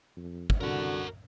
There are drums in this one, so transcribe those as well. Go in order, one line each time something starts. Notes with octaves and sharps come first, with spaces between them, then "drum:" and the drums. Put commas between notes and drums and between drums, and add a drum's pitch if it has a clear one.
F2
drum: kick
C2 D3 F#4 A#4 F#5